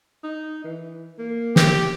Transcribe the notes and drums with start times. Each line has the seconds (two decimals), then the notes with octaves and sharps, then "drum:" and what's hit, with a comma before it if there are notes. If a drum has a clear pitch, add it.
0.23 D#4
0.64 E3
1.18 A#3
1.56 G4, drum: snare